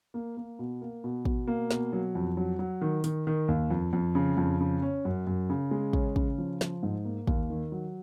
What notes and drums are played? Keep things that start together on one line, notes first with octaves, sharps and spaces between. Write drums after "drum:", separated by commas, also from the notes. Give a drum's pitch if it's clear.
A#3
A#3
B2
A#3
B2
B2, drum: kick
A#3
B2, drum: snare
F#3
F2
F#3
F#3
D#3
D#3, drum: hi-hat
D#3
D#2
F2
F2
C#3
F2
C#3
C#4
F#2
F#2
C#3
G#3
C#4, drum: kick
C#3, drum: kick
F3
F3, drum: snare
G#2
A#3
D#2, drum: kick
D#3
F#3